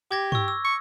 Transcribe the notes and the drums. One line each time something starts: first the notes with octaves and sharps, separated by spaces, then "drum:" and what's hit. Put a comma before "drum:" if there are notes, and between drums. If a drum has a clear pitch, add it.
G4 D6 G#6 A#6
C#6 E6, drum: tom
E6
C#6